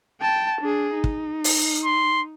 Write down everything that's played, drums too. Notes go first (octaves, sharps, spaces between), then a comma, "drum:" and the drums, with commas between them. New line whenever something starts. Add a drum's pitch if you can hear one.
G5 A5
D4 G#4
D#4
drum: kick
drum: open hi-hat
C6